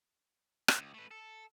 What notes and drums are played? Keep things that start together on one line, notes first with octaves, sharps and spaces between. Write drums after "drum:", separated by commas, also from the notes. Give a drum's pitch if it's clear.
drum: rim click
C#2
A3 B4
A4